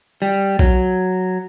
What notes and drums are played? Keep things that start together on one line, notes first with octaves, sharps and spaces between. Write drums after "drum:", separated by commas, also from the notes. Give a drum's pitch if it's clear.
G3
F#3, drum: kick A#1